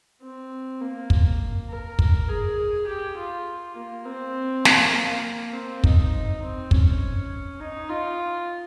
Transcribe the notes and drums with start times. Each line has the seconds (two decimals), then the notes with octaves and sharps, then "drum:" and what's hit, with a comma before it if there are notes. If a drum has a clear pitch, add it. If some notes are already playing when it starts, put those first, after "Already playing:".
0.22 C4
0.81 A#3
1.10 drum: kick
1.69 A#4
1.99 drum: kick
2.29 G#4
2.87 G4
3.17 F4
3.76 A#3
4.06 C4
4.65 A#3, drum: snare
4.94 A#3
5.54 C4
5.84 D#4, drum: kick
6.42 C4
6.71 C#4, drum: kick
7.60 D#4
7.90 F4